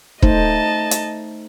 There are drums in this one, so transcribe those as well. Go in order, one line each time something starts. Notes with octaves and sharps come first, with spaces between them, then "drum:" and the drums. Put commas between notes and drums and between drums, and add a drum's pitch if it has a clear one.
A3 D#4 C5 D#5 A5, drum: kick
drum: hi-hat